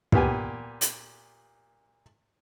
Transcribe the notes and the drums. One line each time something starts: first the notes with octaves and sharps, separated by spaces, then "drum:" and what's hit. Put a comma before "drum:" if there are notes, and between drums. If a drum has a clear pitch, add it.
A#2 B3 G4 G#5, drum: kick
drum: hi-hat